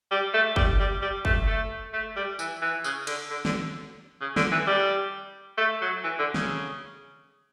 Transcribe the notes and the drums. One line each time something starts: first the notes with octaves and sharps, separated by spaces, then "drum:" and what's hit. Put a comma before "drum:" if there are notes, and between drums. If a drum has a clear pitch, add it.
G3
A3
G3, drum: kick
G3
G3
A3, drum: kick
A3
A3
G3
E3, drum: tambourine
E3
C#3, drum: tambourine
D3, drum: cymbal
D3
D3, drum: snare
C#3
D3, drum: snare
E3
G3
A3
F#3
E3
D3
C#3, drum: snare